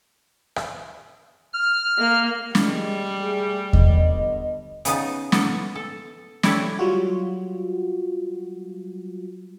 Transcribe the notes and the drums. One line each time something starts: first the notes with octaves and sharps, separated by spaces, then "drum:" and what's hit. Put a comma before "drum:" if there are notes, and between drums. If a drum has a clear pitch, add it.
drum: rim click
F6
A#3
G3 G#3, drum: snare
A3 G#4
D3 B3 D#5, drum: kick E2
C#3 B3 D#4 A5, drum: hi-hat
B3 A4 A#4, drum: snare
A4
A3 D4 E4 G4 C#5, drum: snare
F#3 G3 F4 F#4